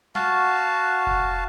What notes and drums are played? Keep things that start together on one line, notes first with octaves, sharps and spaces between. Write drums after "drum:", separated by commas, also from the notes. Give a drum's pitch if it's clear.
F#4 F5 A5, drum: snare
drum: kick F1